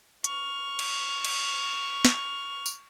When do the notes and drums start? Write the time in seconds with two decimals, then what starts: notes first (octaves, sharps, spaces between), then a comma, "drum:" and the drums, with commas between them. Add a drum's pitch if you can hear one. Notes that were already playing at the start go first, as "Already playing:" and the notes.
0.24 C#6 F6, drum: hi-hat
0.79 drum: cymbal
1.24 drum: cymbal
2.05 drum: snare
2.66 drum: tambourine